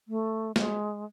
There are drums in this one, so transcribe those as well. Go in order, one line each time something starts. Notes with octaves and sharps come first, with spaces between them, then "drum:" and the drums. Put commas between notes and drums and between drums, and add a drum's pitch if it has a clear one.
A3
G#3, drum: snare